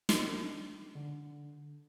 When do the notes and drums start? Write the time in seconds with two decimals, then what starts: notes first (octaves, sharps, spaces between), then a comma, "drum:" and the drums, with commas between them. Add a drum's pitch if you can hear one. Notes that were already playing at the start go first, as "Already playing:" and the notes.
0.09 D4, drum: snare
0.95 D3